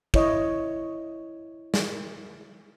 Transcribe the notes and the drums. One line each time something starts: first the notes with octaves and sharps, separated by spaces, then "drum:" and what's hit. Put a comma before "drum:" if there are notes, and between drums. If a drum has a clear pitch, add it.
E4 C#5 D#5, drum: kick
drum: snare